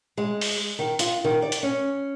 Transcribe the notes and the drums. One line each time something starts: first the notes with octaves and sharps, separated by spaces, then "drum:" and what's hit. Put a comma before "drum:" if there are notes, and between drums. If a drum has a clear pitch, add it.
G#3
drum: open hi-hat
D#3
F4, drum: hi-hat
D#3
D5
drum: hi-hat
C#4